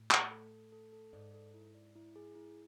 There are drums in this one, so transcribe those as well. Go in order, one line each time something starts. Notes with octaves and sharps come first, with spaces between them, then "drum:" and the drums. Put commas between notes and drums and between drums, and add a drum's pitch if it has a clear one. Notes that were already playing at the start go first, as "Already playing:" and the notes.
Already playing: A2
A3, drum: clap
A4
A4
A4
A4
G#2 D5
A4
E4
D5
E4
G#4
E4